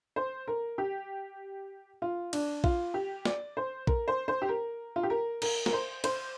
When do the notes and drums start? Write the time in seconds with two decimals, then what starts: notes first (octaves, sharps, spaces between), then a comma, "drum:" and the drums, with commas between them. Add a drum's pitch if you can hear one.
0.16 C5
0.48 A#4
0.78 G4
2.02 F4
2.33 D4, drum: cymbal
2.64 F4, drum: kick
2.94 G4
3.25 D5, drum: snare
3.57 C5
3.87 A#4, drum: kick
4.08 C5
4.28 C5
4.42 G4
4.49 A#4
4.96 F4
5.03 G4
5.10 A#4
5.42 A#4, drum: cymbal
5.66 A#4, drum: snare
5.73 C5
6.04 C5, drum: cymbal